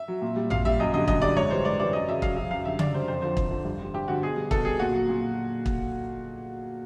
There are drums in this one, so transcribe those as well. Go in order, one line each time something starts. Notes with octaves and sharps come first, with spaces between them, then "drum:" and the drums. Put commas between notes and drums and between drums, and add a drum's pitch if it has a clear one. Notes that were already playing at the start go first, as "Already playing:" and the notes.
Already playing: E5
F#3
A#2
G3
A#2 F5, drum: tom A1
G3 E5
F#2 D#5
D3 G3 D#5
F#2 D#5, drum: kick
D3 G3 D5
G#2 C#5
E3 G3 C5
G#2 D5
E3 G3 D5
F#2 D#5
C#3 F#3 E5
F#2 F5, drum: kick
C#3 F#3 E5
F#2 F5
D3 G3 E5
F#2 D5, drum: tom C#3
D3 G3 C5
F2 C5
D3 F3 C5
F2, drum: kick
D3 F3
G2
D3 G3
G2 G4
D3 G3 F#4
B2 G#4
G3
B2 A4, drum: kick
G3 G#4
A#2 F#4
F#3
A#2
drum: kick